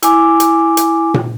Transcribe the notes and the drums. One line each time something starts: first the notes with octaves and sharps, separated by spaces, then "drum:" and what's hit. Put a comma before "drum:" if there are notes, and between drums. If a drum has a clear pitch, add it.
E4 G#5 D6, drum: hi-hat
drum: hi-hat
drum: hi-hat
drum: tom A#2